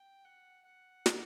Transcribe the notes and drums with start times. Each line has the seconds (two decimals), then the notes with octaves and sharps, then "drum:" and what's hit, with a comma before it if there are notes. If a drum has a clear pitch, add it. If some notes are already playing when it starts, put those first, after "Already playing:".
Already playing: G5
0.25 F#5
0.65 F#5
1.06 drum: snare